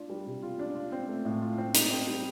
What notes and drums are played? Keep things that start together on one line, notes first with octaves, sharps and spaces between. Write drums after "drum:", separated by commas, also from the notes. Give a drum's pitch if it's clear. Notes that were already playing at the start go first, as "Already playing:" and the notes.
Already playing: D4 F4
G3
C3
F4
D4
F4
C4
A3
A2
F4
C4
D#4, drum: hi-hat
C4
G3